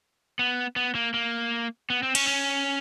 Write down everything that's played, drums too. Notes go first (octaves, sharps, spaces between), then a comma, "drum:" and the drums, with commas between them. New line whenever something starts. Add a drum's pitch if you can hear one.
B3
B3
A#3
A#3
B3
C4
C#4, drum: cymbal
C#4